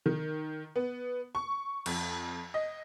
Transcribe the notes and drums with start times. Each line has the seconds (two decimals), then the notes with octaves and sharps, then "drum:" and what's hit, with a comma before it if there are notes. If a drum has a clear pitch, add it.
0.06 D#3
0.76 B3
1.35 C#6
1.86 F2, drum: cymbal
2.54 D#5